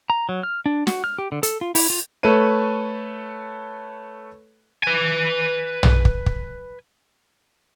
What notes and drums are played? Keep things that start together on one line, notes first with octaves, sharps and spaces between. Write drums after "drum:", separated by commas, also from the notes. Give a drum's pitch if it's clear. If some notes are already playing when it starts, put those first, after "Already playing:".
A#5
F#3
F6
D4
F#4, drum: snare
F6
G4
D3
A4, drum: hi-hat
F4
E4, drum: open hi-hat
F4
A3 A4 B4 C#5 D#7
B4 G#5
drum: tom
drum: kick
drum: kick